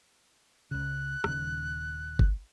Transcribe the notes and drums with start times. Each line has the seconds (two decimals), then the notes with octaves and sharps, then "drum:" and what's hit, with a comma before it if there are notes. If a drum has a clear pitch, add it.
0.71 C#2 C#3 F#6
1.24 D#1 D#2 C#3, drum: rim click
2.19 drum: kick G1